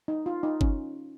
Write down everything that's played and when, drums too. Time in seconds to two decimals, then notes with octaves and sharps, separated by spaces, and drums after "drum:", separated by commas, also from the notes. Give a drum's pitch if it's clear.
0.08 D#4
0.26 F4
0.43 D#4
0.61 C#4, drum: kick G1